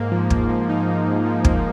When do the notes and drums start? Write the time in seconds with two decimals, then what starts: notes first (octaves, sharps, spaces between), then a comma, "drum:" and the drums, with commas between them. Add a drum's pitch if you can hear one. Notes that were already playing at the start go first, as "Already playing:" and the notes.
Already playing: G#2 A#3
0.12 F3
0.30 A#3, drum: kick
0.49 F3
0.69 D#4
0.87 F3
1.06 G#2
1.26 F3
1.45 A#3, drum: kick